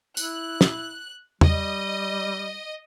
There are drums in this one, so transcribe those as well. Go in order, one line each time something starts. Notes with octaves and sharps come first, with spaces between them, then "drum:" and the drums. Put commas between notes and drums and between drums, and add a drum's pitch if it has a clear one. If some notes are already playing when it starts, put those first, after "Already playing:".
E4 F#6, drum: tambourine
drum: snare
G3 D#5, drum: tom E2